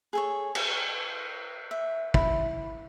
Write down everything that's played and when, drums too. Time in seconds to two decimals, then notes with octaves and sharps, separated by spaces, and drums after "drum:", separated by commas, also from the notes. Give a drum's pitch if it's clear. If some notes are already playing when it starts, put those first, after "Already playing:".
0.13 G#4 A4 C#5
0.55 A5, drum: cymbal
1.71 E5
2.14 E4, drum: kick